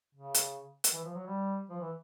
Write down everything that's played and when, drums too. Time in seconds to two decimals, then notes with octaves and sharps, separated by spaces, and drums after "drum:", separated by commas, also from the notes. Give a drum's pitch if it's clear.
0.15 C#3
0.34 drum: hi-hat
0.84 drum: hi-hat
0.93 E3
1.05 F3
1.14 F#3
1.26 G3
1.70 F3
1.80 E3